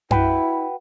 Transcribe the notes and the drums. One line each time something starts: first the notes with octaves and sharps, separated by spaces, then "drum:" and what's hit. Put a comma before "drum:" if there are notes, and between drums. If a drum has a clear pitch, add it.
E4 F#4 B4 G5, drum: tom F#2